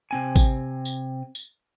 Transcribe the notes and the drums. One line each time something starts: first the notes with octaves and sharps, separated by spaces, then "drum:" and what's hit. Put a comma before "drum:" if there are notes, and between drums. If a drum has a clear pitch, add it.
C3 C4 G#5
drum: kick, tambourine
drum: tambourine
drum: tambourine